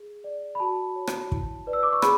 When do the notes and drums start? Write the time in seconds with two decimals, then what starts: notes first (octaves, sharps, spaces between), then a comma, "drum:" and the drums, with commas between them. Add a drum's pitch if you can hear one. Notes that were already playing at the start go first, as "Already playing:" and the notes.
Already playing: G#4
0.24 D5
0.55 B5
0.60 F#4 A5
0.95 C#5
1.07 drum: rim click
1.32 E4, drum: kick
1.67 B4 D5
1.73 E6
1.83 D6
1.93 C#6
2.02 G#4 B5, drum: rim click